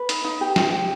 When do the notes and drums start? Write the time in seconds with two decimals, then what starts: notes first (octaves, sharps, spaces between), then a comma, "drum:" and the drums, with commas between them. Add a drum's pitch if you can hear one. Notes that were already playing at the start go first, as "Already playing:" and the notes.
Already playing: B4
0.09 D#4, drum: hi-hat
0.24 D#4
0.41 G4
0.56 D#4, drum: snare
0.73 G4